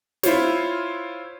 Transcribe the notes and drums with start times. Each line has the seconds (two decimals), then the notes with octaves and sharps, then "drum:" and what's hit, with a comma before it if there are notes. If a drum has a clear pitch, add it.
0.23 E4 F4 C5 C#5, drum: snare